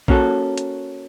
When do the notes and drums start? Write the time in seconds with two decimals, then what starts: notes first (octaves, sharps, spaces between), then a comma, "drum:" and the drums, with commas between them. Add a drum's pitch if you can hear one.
0.08 A#3 C#4 F#4 A4, drum: kick A#1
0.58 drum: hi-hat